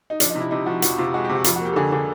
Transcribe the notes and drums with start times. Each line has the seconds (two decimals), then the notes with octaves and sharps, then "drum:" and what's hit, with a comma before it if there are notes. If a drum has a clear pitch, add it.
0.10 D#4
0.20 F3 D4, drum: hi-hat
0.30 D#4
0.35 C3 E4
0.51 C3 D#4
0.66 F3 F#4
0.82 F2 F#4, drum: hi-hat
0.98 C3 F4
1.14 G#3 F#4
1.24 G4
1.29 C3
1.35 F#4
1.44 F2 F4, drum: hi-hat
1.56 F#4
1.60 A#3 G4
1.73 A4
1.76 D3 G#4
1.92 D3 G#4